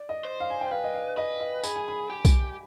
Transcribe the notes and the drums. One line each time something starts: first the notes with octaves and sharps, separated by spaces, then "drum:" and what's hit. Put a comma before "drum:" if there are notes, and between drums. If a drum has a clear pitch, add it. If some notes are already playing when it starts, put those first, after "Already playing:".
Already playing: D5
D#5
C5
F5
G#5
G5
B4 F5
D#5
F5
B4 D#5
D#5
G#4 B5, drum: tambourine
G#5
B5
G4
drum: kick B1, tambourine